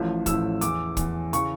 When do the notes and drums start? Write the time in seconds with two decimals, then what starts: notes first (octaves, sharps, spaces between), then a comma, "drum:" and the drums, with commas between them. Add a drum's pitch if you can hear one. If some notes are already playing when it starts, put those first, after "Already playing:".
Already playing: A1 A2 F3
0.26 A1 A2 F3 E6, drum: kick, hi-hat
0.61 E2 E3 D6, drum: hi-hat
0.97 E2 E3, drum: kick, hi-hat
1.33 C#3 E3 C#6, drum: hi-hat